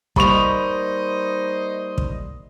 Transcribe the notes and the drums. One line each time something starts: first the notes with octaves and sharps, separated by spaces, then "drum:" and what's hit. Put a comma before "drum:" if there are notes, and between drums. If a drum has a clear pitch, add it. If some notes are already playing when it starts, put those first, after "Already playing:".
G3 A#3 D#4 C5 D#5 B5 C#6 F7, drum: kick
drum: kick